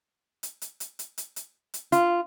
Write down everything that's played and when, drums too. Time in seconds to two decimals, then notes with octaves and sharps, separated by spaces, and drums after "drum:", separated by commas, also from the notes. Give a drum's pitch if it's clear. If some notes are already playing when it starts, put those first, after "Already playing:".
0.43 drum: hi-hat
0.62 drum: hi-hat
0.80 drum: hi-hat
0.99 drum: hi-hat
1.18 drum: hi-hat
1.36 drum: hi-hat
1.74 drum: hi-hat
1.92 F4, drum: hi-hat